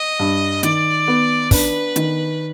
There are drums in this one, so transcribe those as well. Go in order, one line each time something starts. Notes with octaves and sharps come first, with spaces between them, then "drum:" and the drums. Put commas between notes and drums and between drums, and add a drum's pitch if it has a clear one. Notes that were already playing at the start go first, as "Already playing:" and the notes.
Already playing: D#5
G2
D#3 D5, drum: hi-hat
B3
D4 B4, drum: kick, open hi-hat
D#3, drum: hi-hat